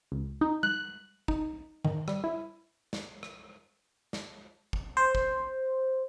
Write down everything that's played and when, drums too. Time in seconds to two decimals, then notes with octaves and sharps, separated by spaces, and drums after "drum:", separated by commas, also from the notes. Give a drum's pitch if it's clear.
0.12 C#2
0.41 D#4
0.63 F#6, drum: tom G3
1.28 D#4, drum: kick
1.85 D#3, drum: tom G#2
2.08 G3, drum: rim click
2.24 E4
2.93 drum: snare
3.23 drum: rim click
4.13 drum: snare
4.73 drum: kick
4.97 C5
5.15 drum: kick